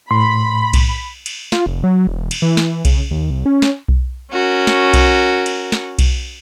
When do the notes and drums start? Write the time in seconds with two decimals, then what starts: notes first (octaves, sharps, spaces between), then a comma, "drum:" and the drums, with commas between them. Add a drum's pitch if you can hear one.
0.11 A2 B5 C6
0.73 drum: kick B1, cymbal
1.26 drum: cymbal
1.52 F4, drum: snare
1.66 F1
1.84 F#3
2.07 E1
2.31 drum: cymbal
2.42 E3
2.57 drum: snare
2.85 C#3, drum: kick B1, cymbal
3.11 D#2
3.30 C2
3.46 C#4
3.62 drum: snare
3.88 drum: kick B1
4.31 C#4 F#4 A#4
4.67 drum: snare
4.93 drum: kick B1, cymbal
5.46 drum: cymbal
5.72 drum: snare
5.99 drum: kick B1, cymbal